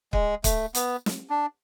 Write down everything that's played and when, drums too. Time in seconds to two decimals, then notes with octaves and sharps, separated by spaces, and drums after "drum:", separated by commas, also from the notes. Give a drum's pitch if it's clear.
0.13 G#3, drum: kick
0.44 A3, drum: kick, hi-hat
0.75 B3, drum: hi-hat
1.06 drum: snare
1.30 D4